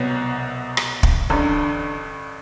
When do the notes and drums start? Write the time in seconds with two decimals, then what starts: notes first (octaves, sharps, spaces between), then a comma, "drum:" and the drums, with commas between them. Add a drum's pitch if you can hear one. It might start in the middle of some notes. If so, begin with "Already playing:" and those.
Already playing: C2 B2 F#3 B3
0.77 drum: rim click
1.03 drum: kick
1.30 A1 G2 D3